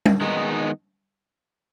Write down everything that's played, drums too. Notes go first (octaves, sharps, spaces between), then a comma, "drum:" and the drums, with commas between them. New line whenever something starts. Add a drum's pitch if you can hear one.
drum: tom
D#3 G#3 B3 D#4